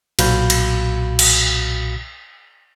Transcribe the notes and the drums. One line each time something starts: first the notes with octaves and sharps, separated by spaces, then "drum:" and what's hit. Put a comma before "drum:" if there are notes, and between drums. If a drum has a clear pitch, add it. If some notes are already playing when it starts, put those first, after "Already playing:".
B1 A#2 F#4 F5 B5 G6, drum: cymbal
drum: cymbal
drum: cymbal